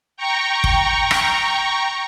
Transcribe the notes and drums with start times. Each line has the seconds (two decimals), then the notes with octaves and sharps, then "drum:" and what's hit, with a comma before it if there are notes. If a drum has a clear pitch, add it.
0.17 G5 A#5 C#6
0.64 drum: kick
1.11 drum: rim click